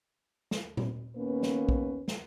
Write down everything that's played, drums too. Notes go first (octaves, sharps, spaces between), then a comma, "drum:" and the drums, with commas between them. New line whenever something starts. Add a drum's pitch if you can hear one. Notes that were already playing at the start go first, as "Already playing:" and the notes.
drum: snare
drum: tom A#2
D#2 A#3 B3 C#4 B4
drum: snare
drum: kick A#1
drum: snare